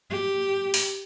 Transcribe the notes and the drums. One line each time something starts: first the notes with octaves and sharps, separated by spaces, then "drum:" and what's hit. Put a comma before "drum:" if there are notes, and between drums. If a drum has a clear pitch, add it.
G4
drum: open hi-hat